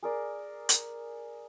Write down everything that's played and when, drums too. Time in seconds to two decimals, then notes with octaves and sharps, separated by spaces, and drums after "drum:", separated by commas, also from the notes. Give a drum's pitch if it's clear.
0.03 G#4 A#4 D5
0.69 drum: hi-hat